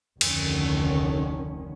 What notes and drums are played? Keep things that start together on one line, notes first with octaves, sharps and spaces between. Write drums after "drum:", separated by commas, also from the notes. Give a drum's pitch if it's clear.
F1 D2 D3 D#3 C#4, drum: cymbal